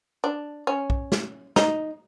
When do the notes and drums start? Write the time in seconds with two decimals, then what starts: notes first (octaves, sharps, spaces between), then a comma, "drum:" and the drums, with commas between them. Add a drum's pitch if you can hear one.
0.24 D4
0.67 C#4
0.90 drum: kick
1.12 drum: snare
1.56 D#4, drum: snare